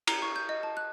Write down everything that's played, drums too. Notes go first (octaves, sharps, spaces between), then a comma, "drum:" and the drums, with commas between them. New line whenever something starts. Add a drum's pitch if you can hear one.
A#5, drum: cymbal
C#6
G6
D#5
A5
F#6